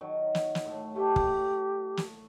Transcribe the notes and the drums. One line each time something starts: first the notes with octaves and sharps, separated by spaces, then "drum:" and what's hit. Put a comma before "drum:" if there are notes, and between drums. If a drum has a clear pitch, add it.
D#3 F#3
drum: snare
drum: snare
A2
A3 G4
drum: kick
drum: snare